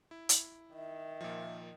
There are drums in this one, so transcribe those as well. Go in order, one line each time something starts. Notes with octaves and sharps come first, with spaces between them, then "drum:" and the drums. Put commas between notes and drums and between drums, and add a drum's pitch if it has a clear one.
E4
drum: hi-hat
D#3 E5
A#2 F3